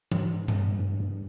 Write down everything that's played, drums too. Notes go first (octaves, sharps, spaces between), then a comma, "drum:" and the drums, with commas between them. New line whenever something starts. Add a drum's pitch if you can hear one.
G2, drum: tom E3
G#2
G2, drum: tom G2
G2
G2